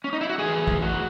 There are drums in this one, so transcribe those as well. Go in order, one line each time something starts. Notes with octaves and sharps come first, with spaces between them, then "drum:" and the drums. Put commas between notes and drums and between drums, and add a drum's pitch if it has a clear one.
C#4
D#4
E4
F#4
A2 E3 G#4
drum: kick
F#4